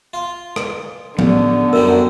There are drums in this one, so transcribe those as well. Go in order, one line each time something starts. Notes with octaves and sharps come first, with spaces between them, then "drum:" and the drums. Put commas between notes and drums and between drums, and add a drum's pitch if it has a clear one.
F4
drum: rim click
A1 D3 B3, drum: tom F3
F#2 F#3 G3 A#4